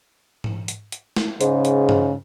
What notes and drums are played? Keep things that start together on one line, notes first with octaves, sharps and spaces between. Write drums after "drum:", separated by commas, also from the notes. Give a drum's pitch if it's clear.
drum: tom G#2
drum: hi-hat
drum: hi-hat
drum: snare
G#2 C#3, drum: hi-hat
drum: hi-hat
drum: tom G2